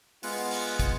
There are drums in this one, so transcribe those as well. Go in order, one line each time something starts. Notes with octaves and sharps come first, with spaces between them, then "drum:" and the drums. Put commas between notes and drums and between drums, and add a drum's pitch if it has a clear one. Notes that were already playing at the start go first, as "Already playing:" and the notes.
G#3 B3 F4 F#5, drum: open hi-hat
drum: open hi-hat
drum: kick, hi-hat